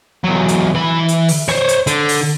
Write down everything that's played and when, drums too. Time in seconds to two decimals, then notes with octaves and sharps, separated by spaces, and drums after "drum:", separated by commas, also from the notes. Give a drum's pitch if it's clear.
0.24 E2 F#3
0.48 drum: hi-hat
0.75 E3 B5
1.08 drum: hi-hat
1.28 drum: open hi-hat
1.48 C5 C#5, drum: rim click
1.69 drum: hi-hat
1.87 D3, drum: hi-hat
2.09 drum: open hi-hat